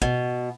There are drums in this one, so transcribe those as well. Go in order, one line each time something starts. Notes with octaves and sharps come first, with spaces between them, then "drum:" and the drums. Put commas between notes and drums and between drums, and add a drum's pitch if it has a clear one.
B2, drum: kick